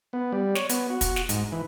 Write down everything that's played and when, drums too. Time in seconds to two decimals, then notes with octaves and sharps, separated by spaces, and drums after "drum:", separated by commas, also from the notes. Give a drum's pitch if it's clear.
0.13 B3
0.32 G3
0.55 C#5, drum: snare
0.70 B3, drum: hi-hat
0.90 F#4
1.01 drum: kick, hi-hat
1.16 drum: snare
1.29 G#2, drum: hi-hat
1.52 E3